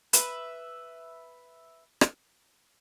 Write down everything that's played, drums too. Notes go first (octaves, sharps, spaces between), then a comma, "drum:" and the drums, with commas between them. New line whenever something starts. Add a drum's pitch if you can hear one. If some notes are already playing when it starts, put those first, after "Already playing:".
B4 E5, drum: hi-hat
drum: rim click